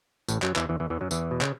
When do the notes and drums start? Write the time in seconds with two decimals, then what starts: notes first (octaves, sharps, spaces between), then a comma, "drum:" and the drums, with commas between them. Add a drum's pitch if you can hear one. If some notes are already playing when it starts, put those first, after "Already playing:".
0.28 A1 A2, drum: tambourine
0.42 F#2 F#3, drum: clap
0.56 E2 E3, drum: clap
0.69 E2 E3
0.80 E2 E3
0.90 E2 E3
1.01 F#2 F#3
1.11 E2 E3, drum: tambourine
1.31 B2
1.41 C#3, drum: clap